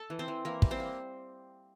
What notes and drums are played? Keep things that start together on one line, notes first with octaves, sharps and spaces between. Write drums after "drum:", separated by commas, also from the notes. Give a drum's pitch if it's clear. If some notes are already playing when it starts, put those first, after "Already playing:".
Already playing: A4 A5
E3
C4 C5
E3
E3 A#3 A#4
G3, drum: kick
C4 C5
A#3